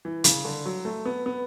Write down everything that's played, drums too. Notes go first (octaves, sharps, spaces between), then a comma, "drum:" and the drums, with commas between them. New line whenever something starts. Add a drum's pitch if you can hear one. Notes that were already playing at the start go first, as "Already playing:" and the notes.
E3
C#3, drum: hi-hat
D3
F#3
A3
B3
B3